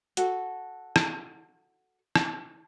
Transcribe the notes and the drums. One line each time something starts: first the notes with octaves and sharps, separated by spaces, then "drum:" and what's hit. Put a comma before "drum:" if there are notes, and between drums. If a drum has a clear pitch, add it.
F#4 A4, drum: hi-hat
drum: rim click
drum: rim click